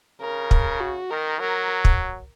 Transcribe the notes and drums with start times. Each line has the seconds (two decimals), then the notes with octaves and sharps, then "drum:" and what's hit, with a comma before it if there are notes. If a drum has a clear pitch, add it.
0.21 C#3 A#4
0.51 drum: kick
0.80 F#4
1.11 D#3 A#4
1.40 F#3 A#4
1.85 drum: kick